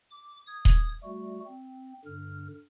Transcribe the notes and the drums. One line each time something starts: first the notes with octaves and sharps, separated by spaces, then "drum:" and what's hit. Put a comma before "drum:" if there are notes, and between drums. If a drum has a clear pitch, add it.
D6
D#6 G#6
drum: kick D#1
G3 A3 F#4
C4
G2 D3 F6